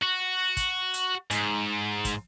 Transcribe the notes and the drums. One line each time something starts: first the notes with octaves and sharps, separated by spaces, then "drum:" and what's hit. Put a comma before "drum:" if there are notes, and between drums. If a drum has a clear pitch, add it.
F#4
drum: kick, hi-hat
drum: hi-hat
G#2, drum: hi-hat
drum: kick, hi-hat